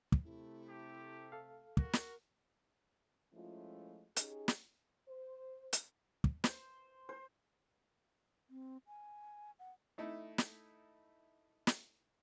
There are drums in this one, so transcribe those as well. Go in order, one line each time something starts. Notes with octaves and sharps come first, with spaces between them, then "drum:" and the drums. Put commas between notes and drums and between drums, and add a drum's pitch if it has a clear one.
drum: kick
C3 A3 E4
G4
A4 F5
F#4 A#4, drum: kick
drum: snare
F3 G#3 A3 C#4 E4 F4
C#4 D#4 G4 G#4, drum: hi-hat
drum: snare
C5
drum: hi-hat
drum: kick
C5, drum: snare
C5
C4
G#5
F#5
A3 D#4 E4 A4
drum: snare
drum: snare